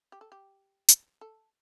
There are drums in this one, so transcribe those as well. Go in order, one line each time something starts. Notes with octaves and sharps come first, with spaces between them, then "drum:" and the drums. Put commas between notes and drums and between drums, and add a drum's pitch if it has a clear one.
G4
A4
G4
drum: hi-hat
A4